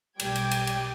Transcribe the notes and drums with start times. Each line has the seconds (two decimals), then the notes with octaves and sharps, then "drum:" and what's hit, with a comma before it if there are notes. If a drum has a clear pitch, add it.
0.20 B1 G3 G5 D6 G#6, drum: cymbal
0.35 drum: cymbal
0.51 drum: cymbal
0.67 drum: cymbal